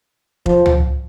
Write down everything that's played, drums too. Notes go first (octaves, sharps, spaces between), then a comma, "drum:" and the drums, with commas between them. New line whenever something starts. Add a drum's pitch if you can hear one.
F3, drum: kick F1
drum: tom